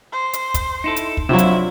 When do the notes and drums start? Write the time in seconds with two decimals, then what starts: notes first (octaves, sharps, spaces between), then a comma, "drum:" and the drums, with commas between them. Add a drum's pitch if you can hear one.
0.12 C5
0.33 drum: hi-hat
0.54 drum: kick, hi-hat
0.84 D#4 E4 A4
0.96 drum: hi-hat
1.17 drum: kick
1.29 C3 F#3 D4 E4 F4 C5 E5
1.38 drum: hi-hat